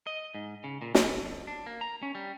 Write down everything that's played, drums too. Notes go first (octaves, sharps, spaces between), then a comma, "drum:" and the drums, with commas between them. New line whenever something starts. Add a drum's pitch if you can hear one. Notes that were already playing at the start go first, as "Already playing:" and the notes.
D#5
G#2
C#3
A#2
B2, drum: snare
F2
D4
A#3
A#5
C#4
G3